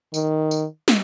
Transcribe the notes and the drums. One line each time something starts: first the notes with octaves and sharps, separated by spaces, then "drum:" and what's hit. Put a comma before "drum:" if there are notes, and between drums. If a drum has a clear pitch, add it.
D#3, drum: tambourine
drum: tambourine
drum: snare